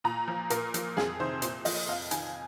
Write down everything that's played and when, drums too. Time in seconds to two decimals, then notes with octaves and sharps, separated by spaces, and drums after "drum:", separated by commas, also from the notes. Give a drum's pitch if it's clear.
0.04 A#2 A#5
0.28 F3
0.50 A#2 A#4, drum: hi-hat
0.74 F3, drum: hi-hat
0.97 F2 G#4, drum: snare
1.20 C3 D#3 C5
1.42 A#2 C5, drum: hi-hat
1.65 F3 D#5, drum: open hi-hat
1.88 F2 F5
2.11 D#3 G#5, drum: hi-hat